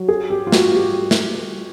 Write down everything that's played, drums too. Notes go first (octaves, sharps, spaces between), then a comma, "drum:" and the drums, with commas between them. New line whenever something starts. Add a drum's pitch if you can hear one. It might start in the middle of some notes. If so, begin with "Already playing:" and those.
Already playing: F#3
G#4
G4
F4
G3 F#4, drum: snare
G4
drum: snare